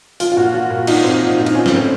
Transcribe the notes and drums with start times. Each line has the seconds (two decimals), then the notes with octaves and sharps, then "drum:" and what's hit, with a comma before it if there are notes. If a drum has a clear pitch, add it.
0.20 F3 F4, drum: open hi-hat
0.32 F4
0.37 A#2 F#4
0.53 F3 F#4
0.70 A#2
0.87 F3 D#4, drum: cymbal
1.04 A#2 C4
1.22 F3
1.38 A#2 F4
1.46 D#4, drum: cymbal
1.55 F3 C#4
1.66 C4, drum: snare
1.72 A2
1.77 C4